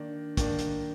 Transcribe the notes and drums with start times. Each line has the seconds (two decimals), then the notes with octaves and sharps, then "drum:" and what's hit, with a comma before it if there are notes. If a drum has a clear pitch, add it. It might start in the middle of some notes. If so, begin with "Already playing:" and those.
Already playing: D#3 A#3 D4
0.37 D#3 A#3 D4, drum: kick, hi-hat
0.59 drum: hi-hat